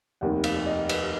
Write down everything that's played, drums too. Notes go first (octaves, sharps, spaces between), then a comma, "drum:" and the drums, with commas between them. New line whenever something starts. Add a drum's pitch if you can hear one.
F1 D#2 D#3 F#5
F5, drum: cymbal
D#5
B4, drum: cymbal